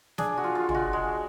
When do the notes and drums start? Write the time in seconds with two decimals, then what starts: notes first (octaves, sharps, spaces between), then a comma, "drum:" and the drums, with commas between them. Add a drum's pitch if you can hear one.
0.18 D4 G#4, drum: snare
0.37 F#4
0.44 F4
0.55 F4
0.69 G#3, drum: tom
0.74 F#4
0.93 G#3